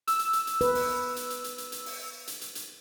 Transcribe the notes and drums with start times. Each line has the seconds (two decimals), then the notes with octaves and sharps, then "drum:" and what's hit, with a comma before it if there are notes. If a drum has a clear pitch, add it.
0.07 E6, drum: hi-hat
0.19 drum: hi-hat
0.33 drum: hi-hat
0.47 drum: hi-hat
0.61 B4, drum: hi-hat
0.75 drum: open hi-hat
1.16 drum: hi-hat
1.30 drum: hi-hat
1.44 drum: hi-hat
1.58 drum: hi-hat
1.72 drum: hi-hat
1.86 drum: open hi-hat
2.27 drum: hi-hat
2.41 drum: hi-hat
2.55 drum: hi-hat